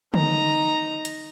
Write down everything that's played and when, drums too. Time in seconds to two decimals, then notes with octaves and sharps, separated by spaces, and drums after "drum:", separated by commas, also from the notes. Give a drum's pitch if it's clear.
0.14 D#4 A#5, drum: tom D3
1.05 drum: hi-hat